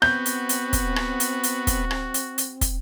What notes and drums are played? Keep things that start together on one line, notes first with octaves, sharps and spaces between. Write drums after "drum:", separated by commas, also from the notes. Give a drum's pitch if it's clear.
B3 C4 F#4 G6, drum: rim click
drum: hi-hat
drum: hi-hat
drum: kick, hi-hat
drum: rim click
drum: hi-hat
drum: hi-hat
drum: kick, hi-hat
drum: rim click
drum: hi-hat
drum: hi-hat
drum: kick, hi-hat